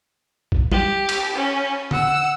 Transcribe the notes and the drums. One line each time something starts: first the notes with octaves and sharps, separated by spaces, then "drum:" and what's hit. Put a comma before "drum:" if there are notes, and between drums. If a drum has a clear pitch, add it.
drum: kick G#1
G4, drum: tom
drum: cymbal
C#4
F#5 E6, drum: tom D3